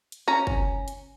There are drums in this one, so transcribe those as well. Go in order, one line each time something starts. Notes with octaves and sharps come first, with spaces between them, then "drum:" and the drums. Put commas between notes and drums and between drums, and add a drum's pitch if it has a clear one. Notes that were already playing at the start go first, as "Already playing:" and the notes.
drum: hi-hat
C#4 A#5
drum: kick
drum: hi-hat